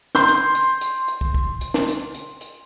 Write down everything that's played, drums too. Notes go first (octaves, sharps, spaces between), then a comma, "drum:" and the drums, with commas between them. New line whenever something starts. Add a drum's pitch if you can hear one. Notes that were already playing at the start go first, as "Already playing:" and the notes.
C6 G6, drum: snare
drum: hi-hat
drum: hi-hat
drum: hi-hat
drum: hi-hat
drum: kick
drum: kick
drum: hi-hat
drum: snare
drum: hi-hat
drum: hi-hat
drum: hi-hat